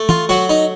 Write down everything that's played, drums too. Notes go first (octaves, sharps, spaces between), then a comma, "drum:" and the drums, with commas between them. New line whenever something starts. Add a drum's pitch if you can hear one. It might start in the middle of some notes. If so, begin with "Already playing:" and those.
Already playing: A3
F4, drum: tom
F#3 F#4
D#4